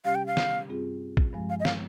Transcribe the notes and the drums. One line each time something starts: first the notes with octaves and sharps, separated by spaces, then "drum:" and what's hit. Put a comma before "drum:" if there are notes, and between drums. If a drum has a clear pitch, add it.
C3 G3 C#4 G4 F5
G5
F5
drum: snare
G2 G3 C4 F4 G#4
drum: kick A1
G2 F3 G#3
F5
D#5
F5, drum: snare